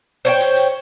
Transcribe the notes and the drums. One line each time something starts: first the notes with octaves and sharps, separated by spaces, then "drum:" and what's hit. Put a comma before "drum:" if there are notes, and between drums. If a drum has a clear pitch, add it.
C5 C#5 G5, drum: hi-hat
drum: hi-hat
drum: hi-hat